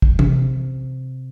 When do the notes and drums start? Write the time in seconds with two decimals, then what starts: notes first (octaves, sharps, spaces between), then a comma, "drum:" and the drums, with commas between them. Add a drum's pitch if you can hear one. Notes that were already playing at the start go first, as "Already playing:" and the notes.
0.02 drum: kick
0.19 C3, drum: tom